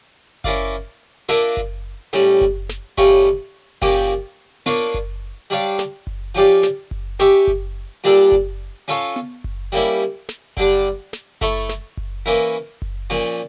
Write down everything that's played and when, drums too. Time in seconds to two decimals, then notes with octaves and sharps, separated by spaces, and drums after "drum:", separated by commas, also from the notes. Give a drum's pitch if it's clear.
0.44 C#4 E4 A#4 D5 F5, drum: kick F#1
1.29 A#3 D4 F4 A#4 E5, drum: snare
1.57 drum: kick F#1
2.13 A2 G3 C#4, drum: snare
2.41 drum: kick F#1
2.69 drum: snare
2.98 A2 G3 C#4 F4 C#5, drum: kick F#1
3.82 A#2 F3 A#3 C#4 G4, drum: kick F#1
4.66 A#3 D4 F4 C#5 F5, drum: tom B3
4.94 drum: kick F#1
5.50 G3 D4 G4 C#5 F5
5.79 drum: snare
6.07 drum: kick F#1
6.35 F3 C#4 G4 D5 F5
6.63 drum: snare
6.91 drum: kick F#1
7.20 C#4 G4 C#5 E5, drum: snare
7.47 drum: kick F#1
8.04 A#2 G3 D4 A4
8.32 drum: kick F#1
8.88 C#4 F4 A4 C#5 F5
9.16 drum: tom B3
9.44 drum: kick F#1
9.72 G3 A#3 C#4 E4
10.29 drum: snare
10.57 D3 G3 D4, drum: kick F#1
11.13 drum: snare
11.41 A3 E4 A4 C#5, drum: kick F#1
11.69 drum: snare
11.97 drum: kick F#1
12.26 E3 A#3 C#4 E4 A#4
12.82 drum: kick F#1
13.10 A#2 F3 A#3 C#4